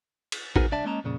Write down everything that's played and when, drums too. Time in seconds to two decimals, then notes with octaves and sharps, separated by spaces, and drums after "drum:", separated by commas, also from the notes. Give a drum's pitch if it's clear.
0.32 drum: cymbal
0.56 B3 D#4 F#4 G#4 A#4 C5, drum: kick A1
0.72 C2 D4 D5 E5 A5
0.84 G#3 A#3 C#4 D#5 A5 A#5
1.04 F2 A#2 C#3